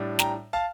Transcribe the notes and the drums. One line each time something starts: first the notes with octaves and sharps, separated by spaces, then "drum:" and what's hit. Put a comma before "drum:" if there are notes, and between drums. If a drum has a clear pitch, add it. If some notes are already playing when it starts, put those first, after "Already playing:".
Already playing: A2 G3 D4
G5 A#5, drum: snare
F5 A5